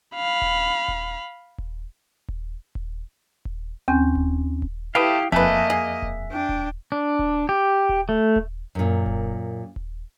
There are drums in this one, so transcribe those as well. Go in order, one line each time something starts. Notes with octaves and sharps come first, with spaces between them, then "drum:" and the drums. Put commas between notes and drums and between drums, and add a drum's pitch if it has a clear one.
F5 B5
drum: kick D#1
drum: kick D#1
drum: kick D#1
drum: kick D#1
drum: kick D#1
drum: kick D#1
D#2 C4 C#4 G#5 G6
drum: kick D#1
drum: kick D#1
A3 E4 G4 B4 F5 G5 D#6
F2 A3 A#3 B4 D#5 E5 G#5 F#6, drum: kick D#1
G#4
drum: kick D#1
D4 G5
drum: kick D#1
D4
drum: kick D#1
G4
drum: kick D#1
A3
drum: kick D#1
F#2 A#2
drum: kick D#1
drum: kick D#1